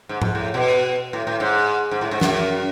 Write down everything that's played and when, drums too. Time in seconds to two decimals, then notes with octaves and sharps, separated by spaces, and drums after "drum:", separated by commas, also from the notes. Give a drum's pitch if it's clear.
0.09 G#2
0.22 G#2, drum: tom G#2
0.35 A2
0.54 B2
1.13 A2
1.27 A2
1.40 G#2
1.91 G#2
2.01 A2
2.11 G#2
2.21 F#2, drum: snare